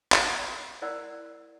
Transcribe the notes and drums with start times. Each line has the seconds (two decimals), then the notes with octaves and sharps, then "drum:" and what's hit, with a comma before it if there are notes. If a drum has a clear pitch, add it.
0.12 A#5 D6, drum: clap
0.82 E4 A#4 C5 D5 F#5 E6